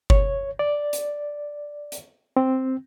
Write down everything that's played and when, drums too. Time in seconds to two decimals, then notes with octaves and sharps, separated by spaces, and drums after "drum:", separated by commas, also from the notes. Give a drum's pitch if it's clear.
0.10 C#5, drum: kick G1
0.59 D5
0.93 drum: hi-hat
1.92 drum: hi-hat
2.37 C4